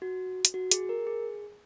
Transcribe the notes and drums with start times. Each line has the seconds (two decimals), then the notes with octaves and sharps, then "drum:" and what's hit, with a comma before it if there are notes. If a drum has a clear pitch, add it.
0.02 F#4
0.45 drum: hi-hat
0.54 F#4
0.71 G#4, drum: hi-hat
0.89 A#4
1.07 G#4